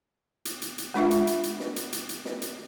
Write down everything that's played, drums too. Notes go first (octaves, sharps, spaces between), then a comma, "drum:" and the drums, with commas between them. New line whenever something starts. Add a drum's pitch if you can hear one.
drum: hi-hat
drum: hi-hat
drum: hi-hat
G#3 D4 F4 E5, drum: snare
drum: hi-hat
drum: hi-hat
drum: hi-hat
drum: snare
drum: hi-hat
drum: hi-hat
drum: hi-hat
drum: snare
drum: hi-hat